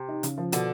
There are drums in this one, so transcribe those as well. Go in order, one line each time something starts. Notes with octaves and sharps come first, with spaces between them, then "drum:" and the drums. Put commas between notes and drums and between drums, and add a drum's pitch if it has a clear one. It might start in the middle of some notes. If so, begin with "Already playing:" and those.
Already playing: C3
D#4
C#3, drum: hi-hat
F3
B2 D3, drum: hi-hat